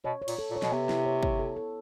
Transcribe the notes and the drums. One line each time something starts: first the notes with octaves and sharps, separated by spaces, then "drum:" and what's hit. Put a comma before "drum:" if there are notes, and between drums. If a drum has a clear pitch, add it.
B2 C#5
C#5
A#2, drum: cymbal
A4
A#2
C#5
B2, drum: snare
C3 B3
E4, drum: snare
C#5
C#5, drum: kick
A4
A4